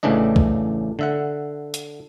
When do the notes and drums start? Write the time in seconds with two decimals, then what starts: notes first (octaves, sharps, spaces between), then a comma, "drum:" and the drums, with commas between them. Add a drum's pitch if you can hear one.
0.03 A1 A2 C#3 E3 D4 D#5
0.36 drum: kick C2
0.99 D3 E5 F#5
1.74 drum: hi-hat